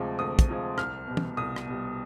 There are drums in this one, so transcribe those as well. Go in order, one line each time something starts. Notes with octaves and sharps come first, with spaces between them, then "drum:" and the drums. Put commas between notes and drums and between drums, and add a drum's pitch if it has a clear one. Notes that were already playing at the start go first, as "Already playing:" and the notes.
Already playing: D2 C3 F3 G#3
D2 D#6
drum: kick, hi-hat
C3 F3 G#3
C2 F6, drum: rim click
B2 G3
drum: tom
C2 D#6
drum: rim click
B2 G3